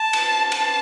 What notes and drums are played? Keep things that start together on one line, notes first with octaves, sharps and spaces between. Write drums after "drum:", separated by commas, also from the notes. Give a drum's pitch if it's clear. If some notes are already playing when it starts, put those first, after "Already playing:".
Already playing: A5
drum: cymbal
A5, drum: cymbal